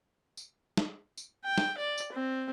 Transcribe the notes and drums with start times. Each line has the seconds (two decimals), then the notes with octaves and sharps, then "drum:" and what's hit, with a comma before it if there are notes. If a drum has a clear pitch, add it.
0.37 drum: tambourine
0.77 drum: snare
1.18 drum: tambourine
1.45 G5
1.58 drum: snare
1.78 D5
1.98 drum: tambourine
2.12 C4